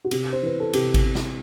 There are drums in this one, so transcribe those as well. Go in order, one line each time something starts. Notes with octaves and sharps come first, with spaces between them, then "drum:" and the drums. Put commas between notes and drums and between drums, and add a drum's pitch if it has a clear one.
F#4
C3 G4, drum: cymbal
C5
E3 B4
A4
C3 G4, drum: cymbal
drum: kick G#1, cymbal
C3
drum: snare